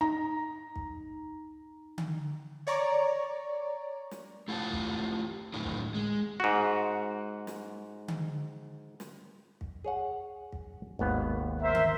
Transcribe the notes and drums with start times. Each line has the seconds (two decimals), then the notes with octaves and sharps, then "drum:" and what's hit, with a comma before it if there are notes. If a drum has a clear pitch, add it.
0.01 D#4 A#5
0.76 drum: kick
1.98 drum: tom D3
2.67 C#5 D5 A#5 C#6
4.11 drum: snare
4.48 A3 E4 F4 G4 F#5 A5
4.72 drum: kick
5.54 A2 D3 D#3 F#3 E4
5.64 drum: kick
5.95 G#3
6.40 G#2 F#4
7.47 drum: snare
8.08 drum: tom D3
9.00 drum: snare
9.61 drum: kick
9.84 G#4 C#5 F#5
10.52 drum: kick
10.99 G#1 D#2 B3
11.61 A#4 C5 E5
11.75 drum: tom D3